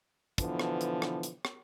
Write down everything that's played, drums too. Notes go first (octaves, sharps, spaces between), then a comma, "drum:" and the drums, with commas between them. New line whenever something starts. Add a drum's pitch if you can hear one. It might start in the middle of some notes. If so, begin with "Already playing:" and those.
B2 D3 E3 F3 B3, drum: kick, hi-hat
drum: rim click
drum: hi-hat
drum: rim click
drum: hi-hat
drum: rim click